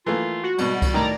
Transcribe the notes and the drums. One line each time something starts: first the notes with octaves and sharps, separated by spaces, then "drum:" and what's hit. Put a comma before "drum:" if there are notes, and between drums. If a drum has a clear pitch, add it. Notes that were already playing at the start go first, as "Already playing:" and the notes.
E3 A3 A#3 F4
F#4
G#1 B2 G3, drum: cymbal
drum: kick C2, cymbal
A2 D#3 D5 A#5